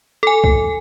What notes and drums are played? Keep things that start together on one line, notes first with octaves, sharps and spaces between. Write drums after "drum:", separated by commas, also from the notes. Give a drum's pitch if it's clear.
A4 G#5
drum: kick C2